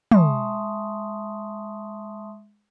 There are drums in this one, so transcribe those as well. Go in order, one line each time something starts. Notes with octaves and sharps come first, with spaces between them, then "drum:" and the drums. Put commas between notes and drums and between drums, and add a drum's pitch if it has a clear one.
G#3 E5 A5 C6 C#6 D#6, drum: tom